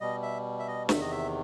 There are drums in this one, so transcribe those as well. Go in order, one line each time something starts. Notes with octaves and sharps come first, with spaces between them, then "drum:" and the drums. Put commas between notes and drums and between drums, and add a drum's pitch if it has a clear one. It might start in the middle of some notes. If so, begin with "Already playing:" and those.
B2 G3 D#5
E5
E5
D#5
E2 C3 D#3 E5, drum: snare
D#5
E5